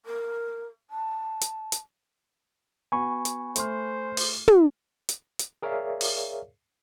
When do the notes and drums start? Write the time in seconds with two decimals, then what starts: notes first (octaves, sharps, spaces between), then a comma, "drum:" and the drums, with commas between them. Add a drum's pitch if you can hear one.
0.06 A#4
0.90 A5
1.42 drum: hi-hat
1.72 drum: hi-hat
2.92 B3 F#4 G#5 B5 C#6
3.25 drum: hi-hat
3.56 A3 C5 C6 F6, drum: hi-hat
4.17 drum: open hi-hat
4.48 drum: tom
5.09 drum: hi-hat
5.39 drum: hi-hat
5.62 G#4 A#4 C#5 D5 E5 F5
6.01 drum: open hi-hat